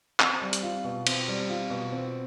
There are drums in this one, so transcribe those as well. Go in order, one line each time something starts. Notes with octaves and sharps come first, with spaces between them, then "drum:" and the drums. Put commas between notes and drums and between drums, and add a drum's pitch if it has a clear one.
C4, drum: clap
G3
drum: hi-hat
F4
B2
C4, drum: cymbal
G3
F4
B2
C4